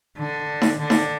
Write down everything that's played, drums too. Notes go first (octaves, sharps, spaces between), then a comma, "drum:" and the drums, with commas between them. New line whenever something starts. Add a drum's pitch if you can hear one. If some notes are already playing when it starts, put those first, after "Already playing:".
D3
drum: snare D#4
D3
drum: snare D#4